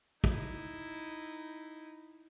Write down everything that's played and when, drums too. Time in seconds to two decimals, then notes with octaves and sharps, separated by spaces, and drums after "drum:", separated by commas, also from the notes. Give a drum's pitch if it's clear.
0.24 D#4 E4, drum: kick